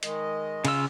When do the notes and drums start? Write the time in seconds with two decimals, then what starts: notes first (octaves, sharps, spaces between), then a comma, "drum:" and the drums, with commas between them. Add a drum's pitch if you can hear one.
0.03 D#3 G#3 D#5, drum: hi-hat
0.65 C#3 F4 E6, drum: cymbal